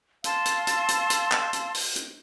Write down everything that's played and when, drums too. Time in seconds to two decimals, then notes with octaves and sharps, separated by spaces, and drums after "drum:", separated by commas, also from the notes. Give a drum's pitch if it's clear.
0.24 F5 A5 C6 E6, drum: hi-hat
0.46 drum: hi-hat
0.67 drum: hi-hat
0.89 drum: hi-hat
1.10 drum: hi-hat
1.32 drum: clap
1.53 drum: hi-hat
1.74 drum: open hi-hat
1.96 drum: hi-hat